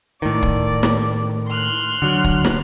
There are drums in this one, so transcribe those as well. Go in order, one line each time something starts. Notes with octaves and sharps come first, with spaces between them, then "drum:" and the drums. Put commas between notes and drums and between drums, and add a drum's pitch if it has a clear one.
A2 D#3 D5
drum: kick
drum: snare
C6 F6 F#6
D3 F#3
drum: kick
drum: snare